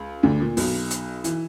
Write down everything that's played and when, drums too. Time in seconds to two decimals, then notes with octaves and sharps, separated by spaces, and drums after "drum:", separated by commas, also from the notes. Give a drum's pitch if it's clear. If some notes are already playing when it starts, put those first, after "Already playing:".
Already playing: C#2
0.23 D2 D3
0.40 A#2
0.57 B1 B2, drum: open hi-hat
0.91 drum: hi-hat
1.24 E3, drum: hi-hat